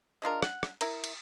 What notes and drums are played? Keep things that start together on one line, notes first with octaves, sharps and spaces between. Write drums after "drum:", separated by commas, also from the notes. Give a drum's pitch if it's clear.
G#3 D4 F4 A#4
F#5, drum: rim click
drum: rim click
E4 A#4, drum: cymbal
drum: cymbal